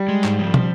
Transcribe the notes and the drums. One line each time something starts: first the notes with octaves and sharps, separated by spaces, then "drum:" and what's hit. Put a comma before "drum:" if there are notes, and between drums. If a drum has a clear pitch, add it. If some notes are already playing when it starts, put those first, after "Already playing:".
Already playing: G3
G#3
G#2, drum: clap
F3
drum: tom